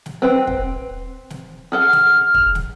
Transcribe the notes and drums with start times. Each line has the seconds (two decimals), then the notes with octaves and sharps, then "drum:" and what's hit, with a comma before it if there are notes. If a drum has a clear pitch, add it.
0.06 drum: snare
0.22 C4 B4 G5
0.47 drum: kick
1.30 drum: snare
1.72 G#4 A4 F#5 F6
1.93 drum: snare
2.34 drum: kick
2.55 drum: snare